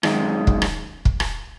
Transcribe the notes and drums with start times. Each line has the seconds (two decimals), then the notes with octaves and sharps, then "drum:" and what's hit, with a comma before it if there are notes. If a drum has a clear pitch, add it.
0.03 F#2 D#3 G#3, drum: rim click
0.47 drum: kick
0.62 drum: rim click
1.05 drum: kick
1.20 drum: rim click